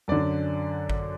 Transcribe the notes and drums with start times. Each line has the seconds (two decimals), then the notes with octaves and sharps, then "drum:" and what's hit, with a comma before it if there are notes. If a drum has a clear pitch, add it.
0.08 F#2 D3 D5
0.90 drum: kick G#1